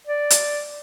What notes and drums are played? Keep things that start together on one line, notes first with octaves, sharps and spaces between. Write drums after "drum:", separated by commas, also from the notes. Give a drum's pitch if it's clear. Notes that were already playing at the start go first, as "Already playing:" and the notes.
D5
drum: hi-hat